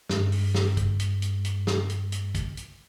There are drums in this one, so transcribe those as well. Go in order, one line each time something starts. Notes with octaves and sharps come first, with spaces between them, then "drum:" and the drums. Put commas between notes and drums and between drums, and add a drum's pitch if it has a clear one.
G2 G#3, drum: snare
drum: open hi-hat
drum: snare
drum: kick, hi-hat
drum: hi-hat
drum: hi-hat
drum: hi-hat
drum: snare
drum: hi-hat
drum: hi-hat
drum: kick, hi-hat
drum: hi-hat